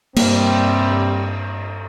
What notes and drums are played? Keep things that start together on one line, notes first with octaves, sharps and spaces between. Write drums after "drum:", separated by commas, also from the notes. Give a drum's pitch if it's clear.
G2 C3 G3 A#3 C4, drum: cymbal